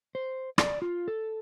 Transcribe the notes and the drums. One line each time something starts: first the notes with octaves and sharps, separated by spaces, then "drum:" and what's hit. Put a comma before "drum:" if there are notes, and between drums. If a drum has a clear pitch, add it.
C5
D5, drum: rim click
F4
A4